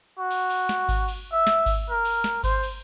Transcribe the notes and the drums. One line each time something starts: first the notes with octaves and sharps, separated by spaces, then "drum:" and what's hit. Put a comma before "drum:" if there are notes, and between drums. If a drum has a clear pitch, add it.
F#4
drum: cymbal
drum: cymbal
drum: snare
drum: kick G#1, cymbal
drum: cymbal
E5
drum: snare
drum: kick G#1, cymbal
A#4
drum: cymbal
drum: snare
C5, drum: kick G#1, cymbal
drum: cymbal